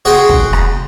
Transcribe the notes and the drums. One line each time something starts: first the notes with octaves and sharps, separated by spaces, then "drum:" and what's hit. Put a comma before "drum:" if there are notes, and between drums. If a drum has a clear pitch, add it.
F#4 G#4 C5 F#5 G5
drum: kick
drum: rim click